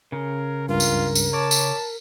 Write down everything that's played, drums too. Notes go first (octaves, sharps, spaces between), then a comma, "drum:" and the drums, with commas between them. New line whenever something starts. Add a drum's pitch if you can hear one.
C#3 A#4
C#2 G2 F4 A#4
drum: tambourine
drum: tambourine
C#5 A5 D6
drum: tambourine